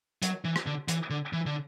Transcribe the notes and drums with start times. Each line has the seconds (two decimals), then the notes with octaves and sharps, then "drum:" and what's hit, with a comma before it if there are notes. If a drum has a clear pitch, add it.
0.22 F#3, drum: hi-hat
0.45 E3
0.56 drum: rim click
0.67 D3
0.88 E3, drum: hi-hat
1.10 D3
1.33 E3
1.46 D3